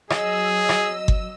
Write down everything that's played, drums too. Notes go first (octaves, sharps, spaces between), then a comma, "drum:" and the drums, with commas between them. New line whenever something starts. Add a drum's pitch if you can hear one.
F#3 G#4 D#5 E6, drum: rim click
drum: rim click
drum: kick G1